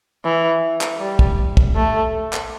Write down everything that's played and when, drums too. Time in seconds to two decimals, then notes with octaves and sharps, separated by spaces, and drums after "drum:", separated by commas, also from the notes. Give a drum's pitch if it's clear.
0.24 E3
0.81 drum: clap
1.00 G3
1.19 drum: kick
1.57 drum: kick
1.76 A3
2.33 drum: clap